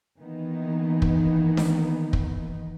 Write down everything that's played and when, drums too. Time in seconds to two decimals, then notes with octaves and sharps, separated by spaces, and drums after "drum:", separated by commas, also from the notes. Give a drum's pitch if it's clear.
0.18 D#3 E3 A#3 B3 D#4
1.02 drum: kick
1.57 drum: snare D4
2.13 drum: kick